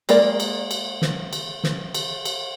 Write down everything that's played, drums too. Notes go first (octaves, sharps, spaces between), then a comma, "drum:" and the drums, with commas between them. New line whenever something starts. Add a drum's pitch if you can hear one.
G#3 A#3 A#4 D5, drum: cymbal
drum: cymbal
drum: cymbal
drum: snare
drum: cymbal
drum: snare
drum: cymbal
drum: cymbal